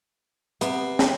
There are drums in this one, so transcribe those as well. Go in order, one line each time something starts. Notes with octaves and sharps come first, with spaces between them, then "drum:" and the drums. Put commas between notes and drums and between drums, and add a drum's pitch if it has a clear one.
C3 B3, drum: hi-hat
drum: snare